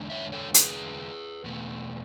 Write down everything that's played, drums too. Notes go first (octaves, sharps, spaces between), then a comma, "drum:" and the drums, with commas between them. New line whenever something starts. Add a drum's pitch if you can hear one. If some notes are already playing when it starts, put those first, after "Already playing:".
Already playing: E2 D3 G#3
C#5 E5
A4 C#5
G#4 B4, drum: hi-hat
E2 B2 A3